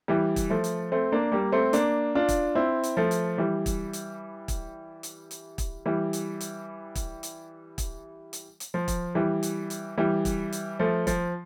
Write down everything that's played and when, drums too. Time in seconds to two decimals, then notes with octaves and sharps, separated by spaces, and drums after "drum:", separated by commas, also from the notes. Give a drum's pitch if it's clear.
0.08 E3 G3
0.36 drum: kick, hi-hat
0.50 F3 A3
0.64 drum: hi-hat
0.92 A3 C4
1.12 A#3 D4
1.32 G3 A#3
1.52 A3 C4
1.73 A#3 D4, drum: hi-hat
2.15 D4 F4
2.29 drum: kick, hi-hat
2.55 C4 E4
2.83 drum: hi-hat
2.97 F3 A3
3.11 drum: hi-hat
3.38 E3 G3
3.66 drum: kick, hi-hat
3.93 drum: hi-hat
4.48 drum: kick, hi-hat
5.03 drum: hi-hat
5.31 drum: hi-hat
5.58 drum: kick, hi-hat
5.86 E3 G3
6.13 drum: hi-hat
6.40 drum: hi-hat
6.95 drum: kick, hi-hat
7.23 drum: hi-hat
7.78 drum: kick, hi-hat
8.33 drum: hi-hat
8.60 drum: hi-hat
8.74 F3
8.88 drum: kick, hi-hat
9.15 E3 G3
9.43 drum: hi-hat
9.70 drum: hi-hat
9.97 E3 G3
10.25 drum: kick, hi-hat
10.52 drum: hi-hat
10.79 F3 A3
11.07 F3, drum: kick, hi-hat